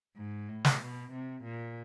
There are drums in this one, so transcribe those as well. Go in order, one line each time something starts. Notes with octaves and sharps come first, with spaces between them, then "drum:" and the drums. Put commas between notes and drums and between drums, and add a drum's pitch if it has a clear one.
G#2
A2
drum: snare
B2
C3
A#2